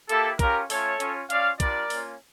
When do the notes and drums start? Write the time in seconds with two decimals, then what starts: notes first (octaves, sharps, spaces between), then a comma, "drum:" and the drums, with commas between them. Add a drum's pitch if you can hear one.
0.09 A#3 E4 G4 A4, drum: hi-hat
0.39 C#4 F4 G4 A#4, drum: kick, hi-hat
0.70 A3 C#4 F4 A4 C#5, drum: open hi-hat
1.00 C#4 F4, drum: hi-hat
1.30 C#4 F4 D5 F5, drum: hi-hat
1.60 G3 D4 F4 A#4 D5, drum: kick, hi-hat
1.90 A#3 C#4 F4, drum: open hi-hat